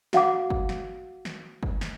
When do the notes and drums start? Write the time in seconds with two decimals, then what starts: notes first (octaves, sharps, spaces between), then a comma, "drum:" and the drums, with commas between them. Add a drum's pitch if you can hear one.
0.13 F#4 F5 F#5 D6, drum: snare
0.50 drum: kick G1
0.69 drum: snare
1.25 drum: snare
1.63 drum: kick G1
1.81 drum: snare